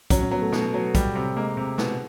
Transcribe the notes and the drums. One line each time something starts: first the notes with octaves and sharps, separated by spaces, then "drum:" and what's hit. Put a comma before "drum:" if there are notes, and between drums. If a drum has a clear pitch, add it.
F#3 C#4, drum: kick, hi-hat
C#4
F#3 B3
A3
B2, drum: snare
F#3
G3, drum: kick, hi-hat
C3
G#3 A#3
C3
B2, drum: snare